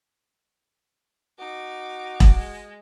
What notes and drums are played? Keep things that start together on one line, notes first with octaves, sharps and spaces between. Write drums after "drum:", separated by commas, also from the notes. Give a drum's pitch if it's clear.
D#4 F#4 D6
drum: kick E1
G#3